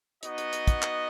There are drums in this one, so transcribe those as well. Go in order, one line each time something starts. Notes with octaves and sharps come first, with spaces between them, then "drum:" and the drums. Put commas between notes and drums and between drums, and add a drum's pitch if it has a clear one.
B3 D#4 F#4 D#5, drum: hi-hat
drum: hi-hat
drum: hi-hat
drum: kick, hi-hat
drum: clap